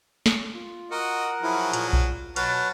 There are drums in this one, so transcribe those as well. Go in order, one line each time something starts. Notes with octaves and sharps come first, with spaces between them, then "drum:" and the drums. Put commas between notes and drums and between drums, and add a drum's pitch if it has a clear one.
drum: snare
F4
F#4 A#4 D#5 F#5
F3 F#3 E4 G#4
A#2, drum: hi-hat
drum: kick A#1
B2 F#3 B4 A5 F6, drum: hi-hat